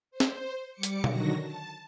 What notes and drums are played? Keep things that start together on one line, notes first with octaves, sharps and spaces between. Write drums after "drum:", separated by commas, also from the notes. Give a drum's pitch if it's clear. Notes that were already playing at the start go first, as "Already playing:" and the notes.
C5
drum: snare
G3 D6 C#7
drum: hi-hat
D3 D#3 F#3 F#4 A#6, drum: tom B2
A5